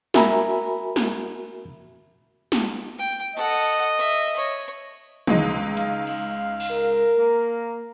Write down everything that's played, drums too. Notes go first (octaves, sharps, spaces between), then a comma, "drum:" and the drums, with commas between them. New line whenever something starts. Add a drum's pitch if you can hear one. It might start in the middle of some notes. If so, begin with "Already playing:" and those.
F#4 A#4 E5 G#5 A#5 B5, drum: snare
drum: snare
drum: snare
G5
A4 D#5 F#5
E5
C#5, drum: cymbal
C#2 G#3 D#4, drum: tom
F5, drum: hi-hat
drum: cymbal
drum: cymbal
A#4
A#3